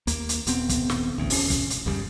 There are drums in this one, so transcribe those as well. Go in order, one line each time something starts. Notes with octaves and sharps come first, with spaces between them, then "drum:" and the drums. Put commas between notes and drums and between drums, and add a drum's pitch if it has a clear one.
D#2 A#3, drum: hi-hat
drum: hi-hat
D#1 B3 C4, drum: hi-hat
drum: kick, hi-hat
drum: snare
A1 D2
E1 C#4, drum: open hi-hat
drum: kick, hi-hat
drum: hi-hat
G1 D#2 C#3 G3